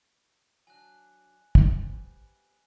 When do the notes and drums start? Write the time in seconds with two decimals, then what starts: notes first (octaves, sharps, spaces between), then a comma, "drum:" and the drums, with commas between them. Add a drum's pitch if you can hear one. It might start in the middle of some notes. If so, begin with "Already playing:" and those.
0.67 F#3 D4 G#5 F#6
1.55 G3 B3 C4, drum: kick